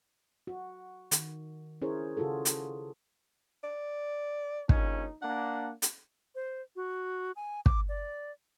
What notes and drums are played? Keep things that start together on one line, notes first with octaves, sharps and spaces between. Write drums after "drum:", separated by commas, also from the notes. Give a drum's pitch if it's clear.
F#4
D#3, drum: hi-hat
C#4 E4 G#4 A#4 C5 C#5
C#3 F4 F#4 G#4 A4
drum: hi-hat
D5
A#1 D#2 C#4 D#4, drum: kick
A#3 D4 F#5
drum: hi-hat
C5
F#4
G#5
D6, drum: kick
D5